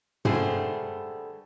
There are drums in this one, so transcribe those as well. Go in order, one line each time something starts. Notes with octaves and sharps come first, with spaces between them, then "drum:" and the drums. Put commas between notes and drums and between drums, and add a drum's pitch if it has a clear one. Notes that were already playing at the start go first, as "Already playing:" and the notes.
D3 G3 A3 B3 G#4 C5, drum: tom